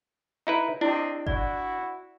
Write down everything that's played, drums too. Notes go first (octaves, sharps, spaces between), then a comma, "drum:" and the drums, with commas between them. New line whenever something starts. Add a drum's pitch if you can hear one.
D#4 E4 B4
C4 D4 E4 G4 D#5
E4 F#4 D5, drum: kick G1